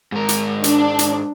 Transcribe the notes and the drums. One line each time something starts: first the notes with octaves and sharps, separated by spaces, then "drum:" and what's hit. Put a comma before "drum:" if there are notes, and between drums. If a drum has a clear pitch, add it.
G#2 A#4
drum: hi-hat
D4, drum: hi-hat
drum: hi-hat